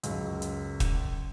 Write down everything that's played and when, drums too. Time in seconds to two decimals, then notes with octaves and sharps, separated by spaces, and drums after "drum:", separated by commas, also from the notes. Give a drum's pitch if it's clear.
0.03 C#2 F#2, drum: hi-hat
0.42 drum: hi-hat
0.80 drum: kick, hi-hat